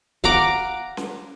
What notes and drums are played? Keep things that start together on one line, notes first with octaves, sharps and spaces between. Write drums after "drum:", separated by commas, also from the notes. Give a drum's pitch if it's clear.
F5 F#5 A#5 D6, drum: kick C#1
drum: snare C#4